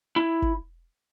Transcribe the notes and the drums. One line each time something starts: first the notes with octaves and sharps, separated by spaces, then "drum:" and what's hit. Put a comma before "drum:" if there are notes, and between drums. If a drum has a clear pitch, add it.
E4
drum: kick